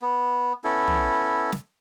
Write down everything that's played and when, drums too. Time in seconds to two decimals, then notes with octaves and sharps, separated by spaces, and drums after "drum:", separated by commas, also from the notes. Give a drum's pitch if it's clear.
0.02 B3
0.64 B3 C#4 E4 A4
0.88 drum: tom
1.52 drum: snare